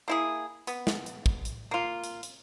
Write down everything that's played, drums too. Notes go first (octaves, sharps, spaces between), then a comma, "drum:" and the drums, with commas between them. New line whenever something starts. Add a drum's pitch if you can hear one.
A#3 E4 G#4
B3, drum: hi-hat
drum: snare
drum: hi-hat
drum: kick
drum: hi-hat
A#3 F4
drum: hi-hat
drum: hi-hat